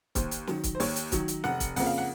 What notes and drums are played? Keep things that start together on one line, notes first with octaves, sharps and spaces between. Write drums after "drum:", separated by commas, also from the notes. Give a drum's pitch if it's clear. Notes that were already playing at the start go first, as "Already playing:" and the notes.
D#2 C5, drum: kick, hi-hat
drum: hi-hat
D#3 F#3, drum: snare
drum: kick, hi-hat
C5
D#2 C#5, drum: open hi-hat
drum: hi-hat
D#3 F#3, drum: kick, hi-hat
drum: hi-hat
F1 F#5, drum: snare
drum: kick, hi-hat
F2 C#3 F3 A#3 F#5, drum: open hi-hat
F5
F#5